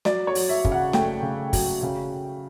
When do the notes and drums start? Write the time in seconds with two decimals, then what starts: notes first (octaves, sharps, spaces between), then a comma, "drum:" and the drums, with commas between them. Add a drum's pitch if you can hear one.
0.05 F#3 D5, drum: snare
0.27 C#5
0.35 F#3, drum: open hi-hat
0.49 E5
0.65 C#3, drum: kick
0.72 F#5
0.93 A3 G5, drum: snare
1.23 C#3
1.53 F#3, drum: kick, open hi-hat
1.83 C#3